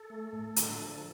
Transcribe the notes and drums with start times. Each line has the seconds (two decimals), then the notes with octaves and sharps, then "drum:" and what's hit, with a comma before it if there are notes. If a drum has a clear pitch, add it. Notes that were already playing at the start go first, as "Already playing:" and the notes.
Already playing: A4
0.10 A3
0.33 A2
0.56 D3, drum: hi-hat
0.80 F3